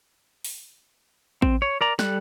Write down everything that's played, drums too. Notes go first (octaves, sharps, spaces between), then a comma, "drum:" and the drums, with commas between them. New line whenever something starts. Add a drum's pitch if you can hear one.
drum: open hi-hat
C4, drum: kick A1
C#5
A#4 D5 A#5
G3 A4 D5 F#6, drum: snare